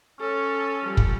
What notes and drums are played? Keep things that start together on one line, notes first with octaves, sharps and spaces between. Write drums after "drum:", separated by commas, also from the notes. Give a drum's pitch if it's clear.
C#4 A4 C#5
F3 G3
drum: kick